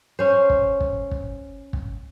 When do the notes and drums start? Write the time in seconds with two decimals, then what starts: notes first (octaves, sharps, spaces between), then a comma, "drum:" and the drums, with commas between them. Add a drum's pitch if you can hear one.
0.19 C#4 C5
0.50 drum: kick
0.80 drum: kick
1.11 drum: kick
1.73 drum: kick